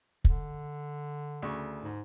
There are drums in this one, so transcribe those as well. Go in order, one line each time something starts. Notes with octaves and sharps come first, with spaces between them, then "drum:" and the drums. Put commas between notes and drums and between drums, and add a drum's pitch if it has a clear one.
D3, drum: kick
D2 C#3 C#6
G#2